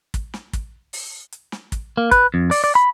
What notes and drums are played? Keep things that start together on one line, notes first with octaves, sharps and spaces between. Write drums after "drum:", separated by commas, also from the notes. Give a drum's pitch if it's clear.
drum: kick, hi-hat
drum: snare
drum: kick, hi-hat
drum: open hi-hat
drum: hi-hat
drum: snare
drum: kick, hi-hat
A#3
B4, drum: kick, hi-hat
F2
D5, drum: open hi-hat
D5
B5